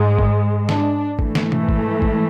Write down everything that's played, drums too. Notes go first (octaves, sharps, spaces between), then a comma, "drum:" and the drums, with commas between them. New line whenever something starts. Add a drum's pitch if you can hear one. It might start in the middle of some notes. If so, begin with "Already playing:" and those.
Already playing: G#2 G#3
drum: kick G#1
D4, drum: snare
G#2 E3 A3, drum: kick G#1
drum: snare
drum: tom B2
drum: kick G#1
drum: kick G#1